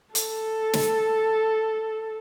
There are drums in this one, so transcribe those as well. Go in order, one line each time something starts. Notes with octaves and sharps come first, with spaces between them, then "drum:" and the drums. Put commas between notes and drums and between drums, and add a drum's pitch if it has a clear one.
A4, drum: hi-hat
drum: snare